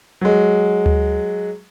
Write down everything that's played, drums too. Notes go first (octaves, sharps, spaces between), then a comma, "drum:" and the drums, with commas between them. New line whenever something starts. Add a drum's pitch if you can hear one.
F#3 G#3
drum: tom D2